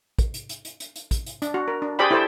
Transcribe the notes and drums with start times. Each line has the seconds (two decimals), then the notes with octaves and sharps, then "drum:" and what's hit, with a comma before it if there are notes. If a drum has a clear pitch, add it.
0.19 drum: kick, hi-hat
0.34 drum: hi-hat
0.49 drum: hi-hat
0.65 drum: hi-hat
0.80 drum: hi-hat
0.96 drum: hi-hat
1.11 drum: kick, hi-hat
1.26 drum: hi-hat
1.42 D4, drum: hi-hat
1.54 F#4
1.68 A#4
1.82 D4
1.99 G4 G#4 C5 D5 G5 B5
2.11 E4 G4 A4 C5 G5 A5